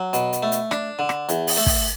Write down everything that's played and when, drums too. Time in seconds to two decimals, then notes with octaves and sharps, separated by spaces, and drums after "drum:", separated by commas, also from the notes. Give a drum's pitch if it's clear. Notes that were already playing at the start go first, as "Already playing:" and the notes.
Already playing: F#3
0.13 B2, drum: hi-hat
0.33 drum: hi-hat
0.43 A3
0.52 drum: hi-hat
0.71 D4, drum: rim click
0.99 D3
1.09 drum: rim click
1.29 E2, drum: hi-hat
1.47 drum: open hi-hat
1.57 A3
1.66 drum: kick, open hi-hat